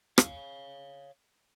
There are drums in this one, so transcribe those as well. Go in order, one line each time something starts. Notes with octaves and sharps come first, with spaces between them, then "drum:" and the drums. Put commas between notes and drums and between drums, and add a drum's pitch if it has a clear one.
C#5 F5, drum: rim click